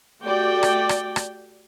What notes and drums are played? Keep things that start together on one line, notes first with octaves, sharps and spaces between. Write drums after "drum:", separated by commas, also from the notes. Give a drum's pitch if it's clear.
A3 F#4 G4 D5 G5
drum: rim click
drum: rim click
drum: rim click